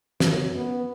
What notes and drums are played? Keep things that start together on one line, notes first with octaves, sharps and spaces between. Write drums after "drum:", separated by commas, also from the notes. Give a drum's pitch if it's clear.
F#2, drum: snare
B3